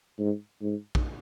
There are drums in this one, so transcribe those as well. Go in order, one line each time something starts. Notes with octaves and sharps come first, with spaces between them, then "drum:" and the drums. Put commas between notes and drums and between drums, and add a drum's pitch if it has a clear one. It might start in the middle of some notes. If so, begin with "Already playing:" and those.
G#2
G#2
drum: kick A#1